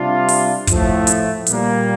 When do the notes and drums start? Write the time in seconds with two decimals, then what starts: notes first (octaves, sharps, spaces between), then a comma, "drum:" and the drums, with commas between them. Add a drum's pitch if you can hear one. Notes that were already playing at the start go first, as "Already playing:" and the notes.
Already playing: C3 G3 D4 F4
0.28 drum: open hi-hat
0.67 A2 F3 A3, drum: kick, hi-hat
1.07 drum: hi-hat
1.47 A#2 G3 A#3, drum: hi-hat